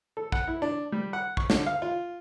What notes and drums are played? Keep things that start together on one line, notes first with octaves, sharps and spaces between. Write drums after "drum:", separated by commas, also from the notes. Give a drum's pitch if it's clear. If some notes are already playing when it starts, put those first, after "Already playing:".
A4
F#5, drum: kick
E4
D4
G3
F#5
C#6, drum: kick
D3, drum: snare
F5
F4